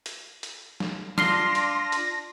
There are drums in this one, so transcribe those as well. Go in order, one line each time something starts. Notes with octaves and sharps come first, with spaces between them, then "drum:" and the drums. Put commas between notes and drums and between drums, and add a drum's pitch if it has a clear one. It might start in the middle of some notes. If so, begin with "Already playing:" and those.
drum: hi-hat
drum: hi-hat
drum: snare
D4 F4 C6 F6 A#6 C7 G7, drum: snare
drum: hi-hat
drum: hi-hat